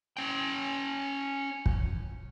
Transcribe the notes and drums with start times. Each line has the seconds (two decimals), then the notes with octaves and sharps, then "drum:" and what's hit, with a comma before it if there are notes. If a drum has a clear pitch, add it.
0.17 C#4 G5
1.66 drum: kick